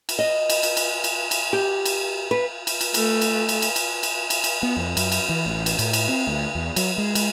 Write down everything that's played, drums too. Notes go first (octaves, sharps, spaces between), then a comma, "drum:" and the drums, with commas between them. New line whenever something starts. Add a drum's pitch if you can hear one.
drum: cymbal
D#5
drum: cymbal
drum: cymbal
drum: cymbal
drum: cymbal
drum: cymbal
G4
drum: cymbal
B4
drum: cymbal
drum: cymbal
A3, drum: cymbal
drum: cymbal
drum: cymbal
drum: cymbal
drum: cymbal
drum: cymbal
drum: cymbal
drum: cymbal
B3
F2
F#2, drum: cymbal
drum: cymbal
E3
A1
drum: cymbal
A2, drum: cymbal
drum: cymbal
C4
D2
E2
F#3, drum: cymbal
G#3
G#3, drum: cymbal